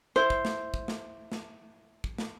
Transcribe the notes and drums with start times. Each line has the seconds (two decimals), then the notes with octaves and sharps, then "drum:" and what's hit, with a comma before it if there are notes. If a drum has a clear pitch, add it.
0.16 E4 C5
0.30 drum: kick
0.45 drum: snare
0.74 drum: kick
0.88 drum: snare
1.32 drum: snare
2.04 drum: kick
2.18 drum: snare